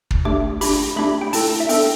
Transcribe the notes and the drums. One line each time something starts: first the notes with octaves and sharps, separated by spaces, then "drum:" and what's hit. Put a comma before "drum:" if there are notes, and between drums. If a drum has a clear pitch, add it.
drum: kick
A3 D4 G4 D6
D4 G4 B5, drum: open hi-hat
A3 D4 G4 B5
G5
A3 E4 A4 A5, drum: open hi-hat
E5
B3 D4 A4 G5, drum: open hi-hat